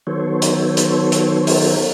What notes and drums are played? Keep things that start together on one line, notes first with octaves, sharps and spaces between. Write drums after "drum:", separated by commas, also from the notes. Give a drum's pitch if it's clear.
D#3 F#3 B3 A4 C5 C#5
drum: hi-hat
drum: hi-hat
drum: hi-hat
drum: open hi-hat